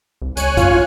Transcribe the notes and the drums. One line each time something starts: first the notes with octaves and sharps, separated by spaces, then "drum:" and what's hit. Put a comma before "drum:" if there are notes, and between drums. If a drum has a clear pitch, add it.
C2
C#2 C#5 G#5 F#6, drum: hi-hat
F#2 F4, drum: kick A#1, hi-hat